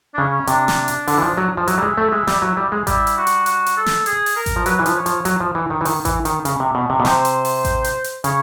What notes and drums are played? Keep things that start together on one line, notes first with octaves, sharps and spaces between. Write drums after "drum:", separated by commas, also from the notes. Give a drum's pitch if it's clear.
D4
C#3 C#4
C3 D4, drum: hi-hat
drum: snare
drum: hi-hat
D3, drum: open hi-hat
E3
F3
F#3
F3
F#3 E4, drum: hi-hat
G3
G#3
A3
G#3
G3, drum: snare
F#3
G3
G#3
G3 E4, drum: kick A1, hi-hat
drum: hi-hat
F#4
drum: hi-hat
F#4, drum: hi-hat
drum: hi-hat
A4
drum: snare
G#4, drum: hi-hat
drum: open hi-hat
A#4
drum: kick A1, hi-hat
F3
F#3 B4, drum: hi-hat
E3
F3, drum: hi-hat
C#5
F3, drum: hi-hat
F#3, drum: hi-hat
F3
E3
D#3
E3
D#3, drum: open hi-hat
E3, drum: kick A1, hi-hat
D#3, drum: hi-hat
C#3, drum: hi-hat
C3
B2
C3
B2
C3 C5, drum: snare
drum: hi-hat
drum: open hi-hat
drum: kick A1, hi-hat
drum: hi-hat
drum: hi-hat
C#3 C#5, drum: hi-hat